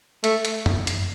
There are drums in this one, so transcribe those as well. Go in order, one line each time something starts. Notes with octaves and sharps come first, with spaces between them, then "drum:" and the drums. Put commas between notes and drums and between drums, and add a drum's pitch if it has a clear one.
A3, drum: hi-hat
drum: hi-hat
drum: tom
drum: hi-hat